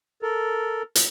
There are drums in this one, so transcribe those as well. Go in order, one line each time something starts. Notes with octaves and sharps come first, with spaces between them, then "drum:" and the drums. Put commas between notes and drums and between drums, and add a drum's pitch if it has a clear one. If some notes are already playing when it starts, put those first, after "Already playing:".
A4 A#4
drum: hi-hat